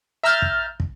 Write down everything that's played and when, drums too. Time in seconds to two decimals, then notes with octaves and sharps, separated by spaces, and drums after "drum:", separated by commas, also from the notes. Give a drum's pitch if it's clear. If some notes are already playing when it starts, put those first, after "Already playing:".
0.23 E5 A#5 E6 F6 G6 A6
0.42 drum: kick
0.80 drum: kick